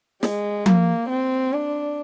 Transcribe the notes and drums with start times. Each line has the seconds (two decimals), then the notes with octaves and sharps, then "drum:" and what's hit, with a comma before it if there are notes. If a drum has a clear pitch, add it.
0.23 G#3, drum: snare
0.66 A#3, drum: tom F3
1.09 C4
1.53 D4